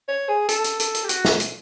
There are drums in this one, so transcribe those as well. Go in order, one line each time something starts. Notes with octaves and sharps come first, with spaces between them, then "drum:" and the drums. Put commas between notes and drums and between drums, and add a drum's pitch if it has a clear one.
C#5
G#4
A4, drum: hi-hat
drum: hi-hat
A4, drum: hi-hat
drum: hi-hat
G4
F#4, drum: hi-hat
drum: snare
drum: hi-hat